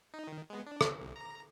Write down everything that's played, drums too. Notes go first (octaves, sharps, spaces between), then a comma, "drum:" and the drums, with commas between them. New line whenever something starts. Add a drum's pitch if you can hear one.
D#4
D#3
G#3 B3
D4
drum: rim click
C2
A#5